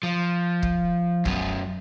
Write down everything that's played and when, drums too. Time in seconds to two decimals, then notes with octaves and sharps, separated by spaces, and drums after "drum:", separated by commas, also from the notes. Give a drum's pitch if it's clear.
0.03 F3
0.62 drum: kick
1.25 F#2 B3, drum: kick